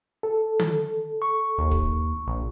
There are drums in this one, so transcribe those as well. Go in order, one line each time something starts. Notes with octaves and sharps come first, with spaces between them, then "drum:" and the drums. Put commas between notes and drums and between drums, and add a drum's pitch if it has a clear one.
A4
drum: tom
C#6
D#2
drum: kick
A#1